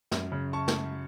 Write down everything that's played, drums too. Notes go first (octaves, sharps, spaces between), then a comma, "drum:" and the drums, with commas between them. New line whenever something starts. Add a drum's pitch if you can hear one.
F#2, drum: snare
C#3
A5 C#6
drum: snare